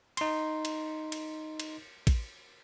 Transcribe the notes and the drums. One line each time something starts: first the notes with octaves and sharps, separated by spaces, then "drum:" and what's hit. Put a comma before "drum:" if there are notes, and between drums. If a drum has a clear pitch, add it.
D#4 C6, drum: cymbal
drum: cymbal
drum: cymbal
drum: cymbal
drum: kick, cymbal